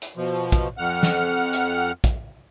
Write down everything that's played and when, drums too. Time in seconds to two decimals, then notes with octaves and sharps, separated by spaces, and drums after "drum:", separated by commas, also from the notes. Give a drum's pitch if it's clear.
0.02 drum: hi-hat
0.17 B2 F3
0.52 drum: kick, hi-hat
0.78 F2 F#5 F6
1.03 drum: snare
1.53 drum: hi-hat
2.04 drum: kick, hi-hat